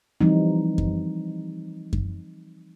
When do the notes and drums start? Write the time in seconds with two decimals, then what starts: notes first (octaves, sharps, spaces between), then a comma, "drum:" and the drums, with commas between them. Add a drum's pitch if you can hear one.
0.21 E3 F3 G3 C4 D#4
0.78 drum: kick F#2
1.93 drum: kick F#2